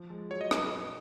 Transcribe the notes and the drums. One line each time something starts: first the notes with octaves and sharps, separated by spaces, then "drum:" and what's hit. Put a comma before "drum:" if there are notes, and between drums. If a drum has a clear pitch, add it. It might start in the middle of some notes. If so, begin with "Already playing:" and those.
Already playing: F3
G#3
F#3 C#5
D#5
drum: rim click